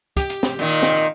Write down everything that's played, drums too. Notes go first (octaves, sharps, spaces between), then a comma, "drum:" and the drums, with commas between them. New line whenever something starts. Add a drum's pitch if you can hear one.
G4, drum: kick, hi-hat
drum: hi-hat
drum: snare
A#2 D#3, drum: hi-hat
drum: hi-hat
drum: snare
drum: hi-hat